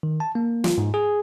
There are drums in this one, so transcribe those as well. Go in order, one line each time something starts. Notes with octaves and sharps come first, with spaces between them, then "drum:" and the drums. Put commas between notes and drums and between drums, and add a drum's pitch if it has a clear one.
D#3
A5
A#3
F4, drum: snare
G#2
G#4